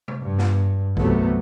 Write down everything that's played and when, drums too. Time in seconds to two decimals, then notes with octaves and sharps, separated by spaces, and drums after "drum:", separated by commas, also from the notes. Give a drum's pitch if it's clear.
0.08 drum: tom C3
0.23 G2
0.38 drum: snare
0.97 C2 C3 F#3 A3 B3, drum: kick A1